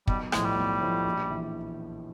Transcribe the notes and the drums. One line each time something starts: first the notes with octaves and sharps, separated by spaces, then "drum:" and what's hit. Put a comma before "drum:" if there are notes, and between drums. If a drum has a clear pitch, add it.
B1 G3, drum: kick
A2 F3 G#3, drum: rim click
G3
B1
A2 F3
A#1
E3